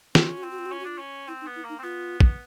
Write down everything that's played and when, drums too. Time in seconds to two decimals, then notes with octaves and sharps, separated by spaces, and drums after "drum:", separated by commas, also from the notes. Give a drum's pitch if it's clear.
0.15 C4 F4, drum: snare
0.22 F#4
0.29 C#4 F4
0.37 F#4
0.43 C4 F4
0.51 F#4
0.59 F4
0.66 F#4
0.71 C#4 F4
0.80 F#4
0.85 D4 F4
0.98 C#4
1.28 C4 E4
1.41 D#4
1.47 B3
1.56 E4
1.65 A#3 D#4
1.79 C4
1.83 B3 F4
2.20 drum: kick